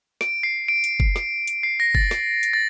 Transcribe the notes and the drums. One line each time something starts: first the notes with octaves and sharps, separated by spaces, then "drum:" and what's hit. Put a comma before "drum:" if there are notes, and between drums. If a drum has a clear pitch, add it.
D7, drum: snare
C7
D7
drum: hi-hat
drum: kick F#1
drum: snare
drum: hi-hat
C7
A#6
A6, drum: kick F#1
drum: snare
drum: hi-hat
A6